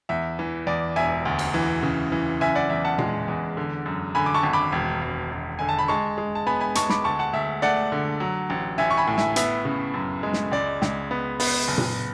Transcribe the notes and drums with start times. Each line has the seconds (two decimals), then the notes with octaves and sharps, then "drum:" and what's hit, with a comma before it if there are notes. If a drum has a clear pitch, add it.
0.09 E2 E5
0.39 E3
0.67 E2 D5
0.96 E1 E5 G#5
1.25 D2
1.39 drum: cymbal
1.54 E3
1.83 C#3
2.12 E3
2.41 F#1 E5 G#5
2.55 D5 F#5
2.70 E2 E5
2.85 F#5 A5
2.98 G#3, drum: tom A#2
3.28 E2
3.57 D3
3.86 F#2
4.15 D3 G#5 B5
4.26 D6
4.34 A5 C#6
4.43 G#1
4.53 B5 D6
4.72 E1
5.02 E1
5.31 E1
5.59 D3 G#5
5.69 A5
5.79 B5
5.88 G#3 A5 C#6
6.18 G#3
6.35 A5
6.46 B3 G#5 B5
6.61 G#5 B5
6.75 G#3 A5 C#6, drum: hi-hat
6.90 B5 D6, drum: snare
7.04 D2 A5 C#6
7.19 F#5 A5
7.33 D2 E5
7.62 A3 D5 F#5
7.92 D3
8.20 F#3
8.50 A1
8.78 A1 E5 G#5
8.91 C#6
8.97 G#5 B5
9.07 A2
9.18 E5 G#5, drum: snare
9.36 B3 E5, drum: hi-hat
9.65 C#3
9.94 F#2
10.23 G#3
10.34 drum: snare
10.52 C#2 D5
10.82 C#2, drum: snare
11.11 B3
11.40 B3, drum: open hi-hat
11.68 F#1
11.78 drum: tom A#2